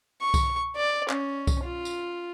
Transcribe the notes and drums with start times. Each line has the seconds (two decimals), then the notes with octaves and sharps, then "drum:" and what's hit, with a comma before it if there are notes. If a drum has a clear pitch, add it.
0.22 C#6
0.34 drum: kick C2, tambourine
0.76 D5
1.10 C#4, drum: clap
1.47 drum: kick C2, tambourine
1.64 F4
1.85 drum: tambourine